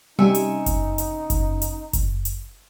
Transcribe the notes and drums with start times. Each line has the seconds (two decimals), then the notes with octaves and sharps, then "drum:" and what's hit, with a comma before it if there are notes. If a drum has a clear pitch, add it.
0.19 C3 G3 C#4 D#4 G4 E5 G#5
0.35 drum: hi-hat
0.66 drum: kick F#1, hi-hat
0.98 drum: hi-hat
1.30 drum: kick F#1, hi-hat
1.62 drum: hi-hat
1.93 drum: kick F#1, hi-hat
2.25 drum: hi-hat